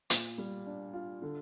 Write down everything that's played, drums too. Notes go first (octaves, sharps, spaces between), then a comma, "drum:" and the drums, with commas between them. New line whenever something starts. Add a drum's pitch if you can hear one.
A#2, drum: hi-hat
G3
D4
F4
D3